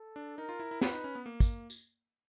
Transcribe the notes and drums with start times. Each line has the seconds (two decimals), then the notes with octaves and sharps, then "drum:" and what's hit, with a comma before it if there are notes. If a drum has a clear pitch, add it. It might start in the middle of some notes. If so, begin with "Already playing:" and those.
Already playing: A4
0.16 D4
0.37 D#4 A#4
0.49 F4
0.60 E4
0.71 E4
0.81 F4 B4, drum: snare
0.93 D#4
1.04 C#4
1.15 B3
1.26 A#3
1.40 drum: kick, tambourine
1.70 drum: tambourine